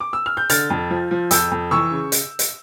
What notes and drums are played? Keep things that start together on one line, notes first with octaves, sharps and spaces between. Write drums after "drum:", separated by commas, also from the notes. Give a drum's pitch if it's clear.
D6
E6
F6
G6
D3 F6 A6, drum: hi-hat
F2
F3
F3
F2 E6 G6, drum: hi-hat
F2
E3 C#6 E6
C#3
drum: hi-hat
drum: hi-hat